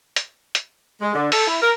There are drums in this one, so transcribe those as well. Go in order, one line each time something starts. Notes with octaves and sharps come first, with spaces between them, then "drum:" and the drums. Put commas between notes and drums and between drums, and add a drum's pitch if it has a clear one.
drum: hi-hat
drum: hi-hat
G#3
D3
A4, drum: open hi-hat
E4
A#4